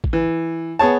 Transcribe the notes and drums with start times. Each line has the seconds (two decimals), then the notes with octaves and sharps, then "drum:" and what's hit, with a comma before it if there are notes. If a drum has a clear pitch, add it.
0.04 drum: kick A1
0.13 E3
0.79 B3 G#4 C#5 A5